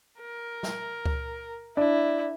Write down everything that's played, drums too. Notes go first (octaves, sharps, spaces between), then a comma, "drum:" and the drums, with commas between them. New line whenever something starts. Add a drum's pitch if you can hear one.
A#4
drum: snare
drum: kick C#2
D4 E4